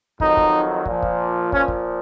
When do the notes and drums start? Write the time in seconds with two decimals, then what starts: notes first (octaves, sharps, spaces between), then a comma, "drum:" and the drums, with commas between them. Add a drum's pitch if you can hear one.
0.20 F2 D#3 F#3 D#4, drum: kick
0.37 drum: kick
0.86 A#2 F3, drum: kick
1.03 drum: kick
1.52 A#2 F3 C#4, drum: kick
1.68 drum: kick